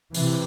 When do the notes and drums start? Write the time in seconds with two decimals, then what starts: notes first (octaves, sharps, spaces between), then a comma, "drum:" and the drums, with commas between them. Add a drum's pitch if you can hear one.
0.14 C3 E3, drum: open hi-hat